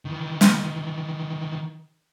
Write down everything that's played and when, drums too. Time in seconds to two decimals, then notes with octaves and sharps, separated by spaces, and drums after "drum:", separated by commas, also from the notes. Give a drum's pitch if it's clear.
0.05 D#3 E3
0.41 drum: snare